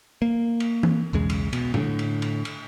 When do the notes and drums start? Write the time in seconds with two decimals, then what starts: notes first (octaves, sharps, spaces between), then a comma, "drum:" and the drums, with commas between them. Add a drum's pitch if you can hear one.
0.22 A#3
0.60 drum: cymbal
0.83 drum: tom
1.13 B1 E2 C#3 G#3
1.30 drum: cymbal
1.53 B2, drum: cymbal
1.74 A2 D3, drum: tom A2
1.99 drum: cymbal
2.22 drum: cymbal
2.45 drum: cymbal